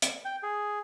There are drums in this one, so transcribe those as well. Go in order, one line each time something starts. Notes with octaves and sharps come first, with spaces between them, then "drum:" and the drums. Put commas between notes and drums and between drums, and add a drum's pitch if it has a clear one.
drum: hi-hat
G5
G#4